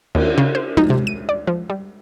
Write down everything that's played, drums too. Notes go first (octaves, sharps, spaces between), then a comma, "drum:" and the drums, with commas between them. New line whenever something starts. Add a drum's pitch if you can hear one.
D#2, drum: cymbal
C#3
C5
D#4, drum: tom
C3
D#7
D5
F3
G3